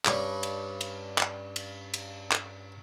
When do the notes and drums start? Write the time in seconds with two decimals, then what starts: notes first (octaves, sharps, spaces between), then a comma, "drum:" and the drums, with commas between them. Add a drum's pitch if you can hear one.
0.05 G2 G3 C#4 D4, drum: clap
0.43 drum: cymbal
0.81 drum: cymbal
1.18 drum: clap
1.56 drum: cymbal
1.94 drum: cymbal
2.31 drum: clap